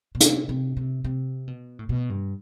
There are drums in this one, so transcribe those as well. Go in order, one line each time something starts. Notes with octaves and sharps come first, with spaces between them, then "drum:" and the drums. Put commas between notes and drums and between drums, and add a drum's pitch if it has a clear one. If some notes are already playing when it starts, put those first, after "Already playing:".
B2
C3, drum: hi-hat
C3
C3
C3
B2
A2
B2
G2